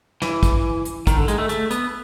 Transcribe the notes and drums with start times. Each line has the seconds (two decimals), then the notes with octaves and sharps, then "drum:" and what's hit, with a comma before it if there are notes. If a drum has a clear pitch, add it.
0.22 E3, drum: snare
0.43 drum: kick, hi-hat
0.85 drum: hi-hat
1.07 D#3, drum: kick, hi-hat
1.17 D3
1.28 G#3, drum: hi-hat
1.38 A3
1.49 A3, drum: hi-hat
1.71 B3, drum: hi-hat